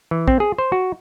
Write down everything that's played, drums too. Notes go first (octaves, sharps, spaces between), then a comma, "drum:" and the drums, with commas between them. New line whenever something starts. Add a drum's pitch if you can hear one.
E3
C4, drum: kick
G#4
C5
F#4